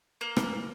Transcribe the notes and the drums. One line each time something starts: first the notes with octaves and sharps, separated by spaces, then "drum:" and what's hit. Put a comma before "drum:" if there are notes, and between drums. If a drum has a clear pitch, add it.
A#3
drum: rim click